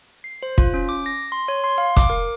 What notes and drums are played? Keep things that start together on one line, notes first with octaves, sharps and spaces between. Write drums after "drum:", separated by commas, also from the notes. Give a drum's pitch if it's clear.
C7
C5
F4, drum: kick
C#4
D6
A#6
C6
C#5
C6
F5
D6, drum: kick, hi-hat
A#4